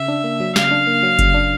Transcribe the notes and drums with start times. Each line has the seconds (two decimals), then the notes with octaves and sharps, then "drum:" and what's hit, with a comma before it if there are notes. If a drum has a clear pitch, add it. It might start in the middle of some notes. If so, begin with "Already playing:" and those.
Already playing: C#3 E5
0.08 D4
0.24 A#3
0.40 F#3
0.56 C#3 F5, drum: snare
0.71 D4
0.87 A#3
1.03 F#3
1.19 C#3, drum: kick F#1, hi-hat
1.34 D4